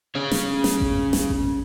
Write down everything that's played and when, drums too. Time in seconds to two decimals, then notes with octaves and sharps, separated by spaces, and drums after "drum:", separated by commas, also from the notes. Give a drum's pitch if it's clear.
0.15 C#4 G#4 C#5
0.31 drum: snare
0.64 drum: snare
0.80 drum: kick A1
1.13 drum: snare
1.29 drum: kick A1